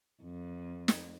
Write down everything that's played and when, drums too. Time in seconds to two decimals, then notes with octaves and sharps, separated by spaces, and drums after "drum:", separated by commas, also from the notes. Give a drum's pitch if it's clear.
0.23 F2
0.88 drum: snare